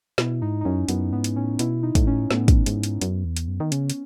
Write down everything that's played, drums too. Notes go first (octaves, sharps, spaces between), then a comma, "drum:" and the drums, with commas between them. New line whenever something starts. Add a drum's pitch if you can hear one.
B2 E4, drum: snare
G#2 D#4
D#4
F#2 C#4
F#2 B3, drum: hi-hat
G#2 B3
drum: hi-hat
A2 C#4
B2 E4, drum: hi-hat
D#4
A2, drum: kick, hi-hat
C#4
A2 B3, drum: snare
drum: kick, hi-hat
G#2, drum: hi-hat
drum: hi-hat
F#2, drum: hi-hat
E2
drum: hi-hat
F#2
D#3
C#3 C#4, drum: hi-hat
drum: hi-hat